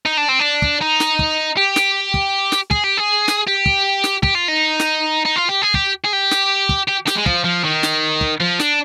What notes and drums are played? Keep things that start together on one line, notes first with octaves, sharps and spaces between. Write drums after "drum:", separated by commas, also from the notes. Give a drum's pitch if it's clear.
D#4
D4
C4
D4
drum: kick
D#4
drum: snare
drum: kick
G4
drum: snare
drum: kick
drum: snare
G#4, drum: kick
G4
G#4
drum: snare
G4
drum: kick
drum: snare
G4, drum: kick
F4
D#4
drum: snare
D#4
F4
G4
G#4
G4, drum: kick
G#4
G4
drum: snare
drum: kick
G4
G4, drum: snare
G#3
F3, drum: kick
F3
D#3
drum: snare
drum: kick
F3
D4, drum: snare